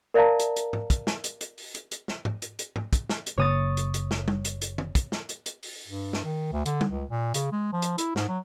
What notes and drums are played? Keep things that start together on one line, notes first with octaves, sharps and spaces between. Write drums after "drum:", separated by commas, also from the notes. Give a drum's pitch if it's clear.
A#4 D5 E5 F5 A5 A#5
drum: hi-hat
drum: hi-hat
drum: tom G#2
drum: kick, hi-hat
drum: snare
drum: hi-hat
drum: hi-hat
drum: open hi-hat
drum: hi-hat
drum: hi-hat
drum: snare
drum: tom G#2
drum: hi-hat
drum: hi-hat
drum: tom G#2
drum: kick, hi-hat
drum: snare
drum: hi-hat
F#1 C#3 A#3 C#5 D#6 A6
drum: hi-hat
drum: hi-hat
drum: snare
drum: tom
drum: hi-hat
drum: hi-hat
drum: tom
drum: kick, hi-hat
drum: snare
drum: hi-hat
drum: hi-hat
drum: open hi-hat
G2
drum: snare
D#3
D2
D3, drum: hi-hat
drum: tom
C#2
A#2
C#3, drum: hi-hat
G#3
F3
drum: hi-hat
E4, drum: hi-hat
G#2, drum: snare
F#3